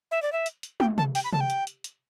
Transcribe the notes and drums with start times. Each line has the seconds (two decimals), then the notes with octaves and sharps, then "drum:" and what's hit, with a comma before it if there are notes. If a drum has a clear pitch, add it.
0.11 E5
0.22 D5
0.32 E5
0.46 drum: hi-hat
0.63 drum: hi-hat
0.80 G5, drum: tom
0.98 A5, drum: tom C3
1.15 G5, drum: open hi-hat
1.24 B5
1.33 A5, drum: tom C3
1.40 G5
1.50 drum: hi-hat
1.67 drum: hi-hat
1.84 drum: hi-hat